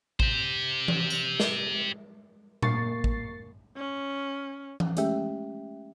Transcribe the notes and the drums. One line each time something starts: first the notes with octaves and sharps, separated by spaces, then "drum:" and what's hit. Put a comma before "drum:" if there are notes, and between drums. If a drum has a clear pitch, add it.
G4 C5, drum: kick A1
drum: tom E3
drum: tambourine
drum: snare
A#3 C#6 A6 C7, drum: tom A#2
drum: kick A1
C#4
drum: tom E3
G#3 A3 C#4 G4 E5 G5, drum: hi-hat